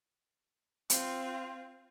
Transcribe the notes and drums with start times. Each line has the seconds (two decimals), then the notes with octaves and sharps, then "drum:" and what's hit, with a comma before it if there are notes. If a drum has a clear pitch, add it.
0.90 C4 F4, drum: hi-hat